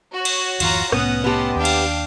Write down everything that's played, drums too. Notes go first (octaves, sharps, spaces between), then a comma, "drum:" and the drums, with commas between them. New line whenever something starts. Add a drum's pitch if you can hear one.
F#4 C#5
drum: cymbal
D1 F#2 E3 F4 A#5, drum: cymbal
C2 A2 B3 C#4 F#5 D#6 A#6, drum: rim click
B3 G4 D#5 A5 C6
D#2 D4 F5 G5 A5
drum: cymbal